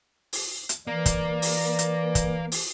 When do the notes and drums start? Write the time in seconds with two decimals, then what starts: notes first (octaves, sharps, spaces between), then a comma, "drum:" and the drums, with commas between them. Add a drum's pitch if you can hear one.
0.33 drum: open hi-hat
0.69 drum: hi-hat
0.87 E3 A#3 D5
1.06 drum: kick, hi-hat
1.42 drum: open hi-hat
1.79 drum: hi-hat
2.15 drum: kick, hi-hat
2.52 drum: open hi-hat